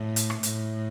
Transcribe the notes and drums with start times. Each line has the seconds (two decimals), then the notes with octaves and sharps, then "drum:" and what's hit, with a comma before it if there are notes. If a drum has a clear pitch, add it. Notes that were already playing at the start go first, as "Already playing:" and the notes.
Already playing: A2
0.16 drum: hi-hat
0.30 drum: rim click
0.43 A2, drum: hi-hat